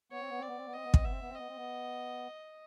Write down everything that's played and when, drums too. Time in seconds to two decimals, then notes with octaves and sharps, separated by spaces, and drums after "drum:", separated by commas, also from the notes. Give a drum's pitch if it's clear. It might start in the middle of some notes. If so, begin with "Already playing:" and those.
0.12 B3 C#5
0.21 C4
0.30 B3
0.39 C4 D5
0.48 B3
0.57 C4
0.67 B3
0.73 C4 D#5
0.85 B3
0.94 C4, drum: kick
1.02 B3 E5
1.11 C4
1.21 B3
1.30 C4
1.35 B3 D#5
1.48 C4
1.57 B3